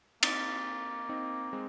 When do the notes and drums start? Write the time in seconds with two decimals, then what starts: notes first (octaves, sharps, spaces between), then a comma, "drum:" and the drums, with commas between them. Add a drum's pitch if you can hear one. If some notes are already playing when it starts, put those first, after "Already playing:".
0.23 A#3 C4 D#4, drum: cymbal
1.09 C4 D#4
1.53 G#3 C4